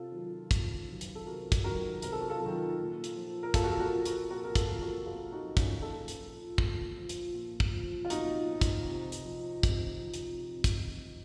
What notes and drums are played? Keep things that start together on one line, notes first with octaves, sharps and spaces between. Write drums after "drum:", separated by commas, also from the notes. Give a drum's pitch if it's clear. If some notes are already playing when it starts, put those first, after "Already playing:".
Already playing: C3 F4 A4
D#3 F#3
C3, drum: kick, hi-hat
D#3 F#3
drum: hi-hat
A4
C3 F#4 A#4
drum: kick, hi-hat
D#3 F#3 F#4 A#4
C3 A#4, drum: hi-hat
A4
F#4
F4 A4
F#3
D#3
A#2
drum: hi-hat
F3
A#4
A#2 F4 A4, drum: kick, hi-hat
F#4
A4
F#4 A#4
F3
F#4 A#4, drum: hi-hat
A#2 F#4 A#4
A#4
F4 A4, drum: kick, hi-hat
F3
F#4 A#4
A#2 F4 A4
D#4 F#4
F3
C#4 F4, drum: kick, hi-hat
A#2 F4 A4
drum: hi-hat
F3
A#2, drum: kick
F3
drum: hi-hat
A#2
drum: kick
F3
F4
A#2 D#4 F#4, drum: hi-hat
F3
drum: kick, hi-hat
C3
drum: hi-hat
F3
C3, drum: kick, hi-hat
F3
drum: hi-hat
C3
drum: kick, hi-hat
F3